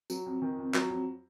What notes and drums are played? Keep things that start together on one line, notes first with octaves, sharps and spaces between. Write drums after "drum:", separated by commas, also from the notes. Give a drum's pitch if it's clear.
F#3, drum: tambourine
F2
D#3
F2
F#3, drum: clap
F2